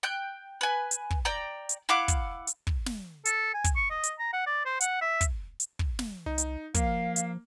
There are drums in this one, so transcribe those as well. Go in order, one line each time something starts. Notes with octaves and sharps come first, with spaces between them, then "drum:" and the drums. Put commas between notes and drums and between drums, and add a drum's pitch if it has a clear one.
G5 F#6
B4 G#5
drum: hi-hat
drum: kick
D5 G5 A#5
drum: hi-hat
E4 F5 F#5 D6
drum: kick, hi-hat
drum: hi-hat
drum: kick
drum: snare
A4, drum: hi-hat
G#5
drum: kick, hi-hat
C#6
D#5
drum: hi-hat
A#5
F#5
D5
C5
F#5, drum: hi-hat
E5
drum: kick, hi-hat
drum: hi-hat
drum: kick
drum: snare
C2 D#4
drum: hi-hat
F3 A#3 F5, drum: kick, hi-hat
drum: hi-hat